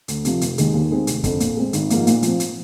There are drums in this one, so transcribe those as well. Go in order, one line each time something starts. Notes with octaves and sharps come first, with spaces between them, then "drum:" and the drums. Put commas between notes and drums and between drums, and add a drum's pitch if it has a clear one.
D2, drum: hi-hat
C3 F3, drum: hi-hat
F1, drum: hi-hat
D#2 D#3 G#3, drum: hi-hat
D#2
D#3 G#3 C4
F1, drum: hi-hat
F2 D3, drum: kick, hi-hat
A#2, drum: hi-hat
G#3 C4
G#1, drum: hi-hat
G#2 F3 A#3, drum: hi-hat
A#2, drum: hi-hat
F3 C4, drum: hi-hat
drum: hi-hat